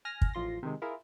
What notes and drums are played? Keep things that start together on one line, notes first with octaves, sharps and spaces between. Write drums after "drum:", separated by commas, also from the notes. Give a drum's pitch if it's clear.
G#5 F6 A#6
drum: kick
A1 F3 F4 C6 A#6
C3 D#3 G#3
E4 F4 G#4 A#4